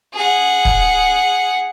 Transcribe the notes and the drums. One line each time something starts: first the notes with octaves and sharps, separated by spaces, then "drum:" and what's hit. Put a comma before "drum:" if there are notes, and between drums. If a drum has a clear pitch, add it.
G#4 F#5
drum: kick